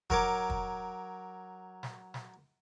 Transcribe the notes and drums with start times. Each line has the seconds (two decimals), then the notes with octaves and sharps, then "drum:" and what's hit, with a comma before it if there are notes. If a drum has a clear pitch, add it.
0.10 F#3 A#4 C#5 D6, drum: kick
0.50 drum: kick
1.83 drum: snare
2.14 drum: snare